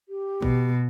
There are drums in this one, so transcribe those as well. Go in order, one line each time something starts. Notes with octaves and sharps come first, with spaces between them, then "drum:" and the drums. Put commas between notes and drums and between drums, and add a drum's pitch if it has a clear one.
G4
B2, drum: kick A1